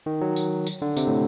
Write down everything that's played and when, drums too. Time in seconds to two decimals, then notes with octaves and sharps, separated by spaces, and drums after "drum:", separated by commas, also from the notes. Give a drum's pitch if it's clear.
0.06 D#3
0.21 F#3
0.36 drum: tambourine
0.67 drum: tambourine
0.82 D3
0.97 C3, drum: tambourine
1.07 A2